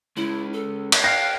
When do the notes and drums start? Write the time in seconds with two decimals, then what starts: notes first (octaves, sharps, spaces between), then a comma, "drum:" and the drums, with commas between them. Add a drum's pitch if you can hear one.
0.17 G#3 C#4 E4
0.53 A4
0.92 drum: cymbal
1.04 F5 G5 F#6 A#6 C7